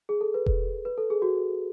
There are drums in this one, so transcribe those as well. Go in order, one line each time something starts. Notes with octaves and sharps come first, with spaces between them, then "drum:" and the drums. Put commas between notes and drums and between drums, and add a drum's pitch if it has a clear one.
G#4
A4
B4
drum: kick E1
B4
A4
G#4
F#4